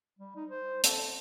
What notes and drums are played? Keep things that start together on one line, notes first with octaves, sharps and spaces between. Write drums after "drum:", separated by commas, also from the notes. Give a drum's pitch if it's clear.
G3
D#4
C5
A4, drum: hi-hat